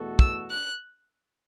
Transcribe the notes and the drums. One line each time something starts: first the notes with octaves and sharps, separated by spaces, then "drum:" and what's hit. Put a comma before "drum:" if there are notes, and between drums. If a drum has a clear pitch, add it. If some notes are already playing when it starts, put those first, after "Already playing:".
Already playing: E2 B2 A3 F#4 A4
E6, drum: kick
F#6